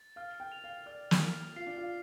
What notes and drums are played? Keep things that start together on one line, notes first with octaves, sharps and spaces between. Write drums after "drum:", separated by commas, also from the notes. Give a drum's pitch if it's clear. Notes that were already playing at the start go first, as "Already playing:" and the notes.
Already playing: A6
F5 F6
G5
F7
F5
D5 F6
drum: snare
F6
F4 C7
D4
F4